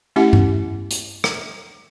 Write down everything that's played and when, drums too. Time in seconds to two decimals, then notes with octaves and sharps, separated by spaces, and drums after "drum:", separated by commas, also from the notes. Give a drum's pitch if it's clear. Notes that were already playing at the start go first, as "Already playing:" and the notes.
0.16 A3 C#4 E4 G4 E5 F#5
0.33 drum: tom G2
0.91 drum: hi-hat
1.24 drum: rim click